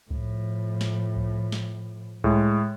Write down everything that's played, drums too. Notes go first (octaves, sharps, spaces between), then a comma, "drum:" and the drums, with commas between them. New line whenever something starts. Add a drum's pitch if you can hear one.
A2 F3, drum: kick C2
drum: snare
drum: kick C2
drum: snare
A2 G#3, drum: kick C2